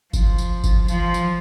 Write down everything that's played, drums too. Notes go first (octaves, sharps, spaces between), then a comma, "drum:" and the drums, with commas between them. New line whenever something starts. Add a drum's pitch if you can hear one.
F3, drum: kick G1, tambourine
drum: tambourine
drum: kick G1, tambourine
F3, drum: tambourine
drum: tambourine